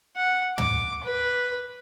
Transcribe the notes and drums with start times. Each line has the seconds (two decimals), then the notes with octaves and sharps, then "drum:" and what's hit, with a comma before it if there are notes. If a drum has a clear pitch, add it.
0.16 F#5
0.58 D6, drum: tom
1.03 B4